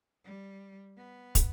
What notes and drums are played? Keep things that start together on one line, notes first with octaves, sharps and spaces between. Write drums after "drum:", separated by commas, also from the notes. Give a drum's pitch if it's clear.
G3
B3
drum: kick, hi-hat